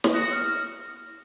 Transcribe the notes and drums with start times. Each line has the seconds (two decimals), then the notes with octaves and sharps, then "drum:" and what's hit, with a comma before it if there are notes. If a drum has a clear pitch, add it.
0.04 drum: snare
0.14 F#4 D#6
0.32 F6